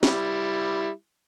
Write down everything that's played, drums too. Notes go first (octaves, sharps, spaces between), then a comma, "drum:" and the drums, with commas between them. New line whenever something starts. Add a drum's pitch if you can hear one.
G3 E4, drum: snare